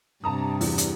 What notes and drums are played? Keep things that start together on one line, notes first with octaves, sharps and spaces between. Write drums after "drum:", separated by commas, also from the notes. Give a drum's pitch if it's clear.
G2 C3 A5 A#5 D#6
E2, drum: open hi-hat
drum: hi-hat